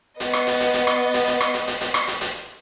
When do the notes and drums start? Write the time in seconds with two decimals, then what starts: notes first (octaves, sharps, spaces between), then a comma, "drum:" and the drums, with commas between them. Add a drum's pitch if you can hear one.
0.20 B3 D#5, drum: hi-hat
0.33 drum: rim click
0.47 drum: hi-hat
0.60 drum: hi-hat
0.74 drum: hi-hat
0.87 drum: rim click
1.14 drum: hi-hat
1.27 drum: hi-hat
1.41 drum: rim click
1.54 drum: hi-hat
1.67 drum: hi-hat
1.81 drum: hi-hat
1.94 drum: rim click
2.07 drum: hi-hat
2.21 drum: hi-hat